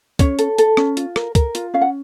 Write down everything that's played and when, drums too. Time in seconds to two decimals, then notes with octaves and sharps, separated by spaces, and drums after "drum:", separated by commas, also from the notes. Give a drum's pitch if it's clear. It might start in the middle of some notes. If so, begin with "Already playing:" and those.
0.19 C#4 C#5, drum: kick, hi-hat
0.39 A4, drum: hi-hat
0.58 A4, drum: hi-hat
0.77 C#4, drum: rim click
0.97 F4, drum: hi-hat
1.16 A#4, drum: rim click
1.35 A#4, drum: kick, hi-hat
1.55 F4, drum: hi-hat
1.74 C#4 F5
1.81 F#5